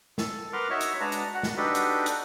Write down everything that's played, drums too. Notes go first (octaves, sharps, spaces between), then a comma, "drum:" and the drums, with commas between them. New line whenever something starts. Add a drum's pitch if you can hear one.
A4, drum: snare
A#4 B4 F#5 C6 D6 F6
D#4 F#4 C#5 E5 C#6
drum: hi-hat
G#3 D4 B4 F#5 A5 A#5
drum: hi-hat
F#4 F#5
drum: snare
D4 D#4 F#4 G4 A4 B4
drum: hi-hat
drum: hi-hat